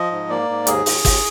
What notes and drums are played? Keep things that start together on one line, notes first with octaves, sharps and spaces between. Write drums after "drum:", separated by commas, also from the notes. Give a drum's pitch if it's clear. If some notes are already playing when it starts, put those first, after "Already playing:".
Already playing: F3 D#5
G#2
A#3 D5
G#2
D#2 G#4, drum: hi-hat
D#2, drum: open hi-hat
D#2, drum: kick, open hi-hat